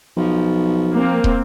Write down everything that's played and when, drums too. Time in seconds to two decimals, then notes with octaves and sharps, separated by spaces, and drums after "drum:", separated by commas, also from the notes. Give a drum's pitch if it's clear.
0.17 B1 F3
0.93 A#3 C4
1.24 drum: kick